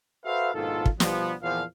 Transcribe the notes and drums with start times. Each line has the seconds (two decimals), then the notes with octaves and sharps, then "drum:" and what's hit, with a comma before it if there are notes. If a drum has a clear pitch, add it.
0.25 F#4 A4 B4 C5 E5 F5
0.54 A#1 G#2 B2 D#3 F4 A4
0.86 drum: kick
1.00 B2 F3 G3 B3, drum: snare
1.42 E2 A#2 F3 F5